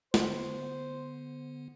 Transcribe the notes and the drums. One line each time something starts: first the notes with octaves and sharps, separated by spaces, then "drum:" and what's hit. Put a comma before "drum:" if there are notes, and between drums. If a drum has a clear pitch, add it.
D3 B3 C5, drum: snare